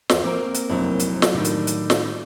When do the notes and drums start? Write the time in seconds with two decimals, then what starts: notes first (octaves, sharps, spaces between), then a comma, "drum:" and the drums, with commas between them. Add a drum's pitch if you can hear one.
0.09 E2 A#4 C5, drum: snare
0.24 A#3 C4 A#4
0.55 drum: hi-hat
0.69 F1 A#1 F2 F#3 E4
1.00 drum: hi-hat
1.22 drum: snare
1.34 A2 D3 D#3 G3
1.45 drum: hi-hat
1.67 drum: hi-hat
1.90 drum: snare